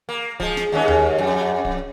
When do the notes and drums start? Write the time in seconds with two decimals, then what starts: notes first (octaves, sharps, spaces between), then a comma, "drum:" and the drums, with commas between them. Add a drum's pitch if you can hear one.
0.09 A#3
0.40 F3 G#3, drum: kick D1
0.57 drum: snare
0.72 D#2 G#3 C#4
0.88 drum: tom D#2
1.18 F2
1.65 drum: kick D1